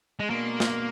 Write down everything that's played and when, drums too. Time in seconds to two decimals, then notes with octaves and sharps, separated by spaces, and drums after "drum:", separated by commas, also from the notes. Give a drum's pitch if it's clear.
0.20 G#3
0.30 B2 G#3 A#3 D4
0.60 drum: snare